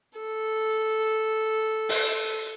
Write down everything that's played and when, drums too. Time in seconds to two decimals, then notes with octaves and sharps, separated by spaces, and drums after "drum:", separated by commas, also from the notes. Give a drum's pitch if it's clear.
0.19 A4
1.89 drum: open hi-hat